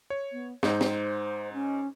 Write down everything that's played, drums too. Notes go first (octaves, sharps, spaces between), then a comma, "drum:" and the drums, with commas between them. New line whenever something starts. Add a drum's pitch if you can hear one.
C#5
B3
G#2 D#4 C5, drum: snare
drum: snare
C#4